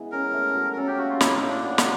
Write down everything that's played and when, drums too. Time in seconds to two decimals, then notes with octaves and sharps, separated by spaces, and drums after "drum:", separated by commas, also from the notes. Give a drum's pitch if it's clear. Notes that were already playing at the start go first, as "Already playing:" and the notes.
Already playing: E3 G#3 B3
0.12 C#4 A#4
0.34 A3
0.55 F#3
0.73 A#4
0.77 C#4 A4
0.87 G4
0.98 A#3 F#4
1.10 F4
1.21 A2 E4, drum: snare
1.35 D#4
1.42 A#3
1.49 D4
1.64 F#4
1.78 drum: snare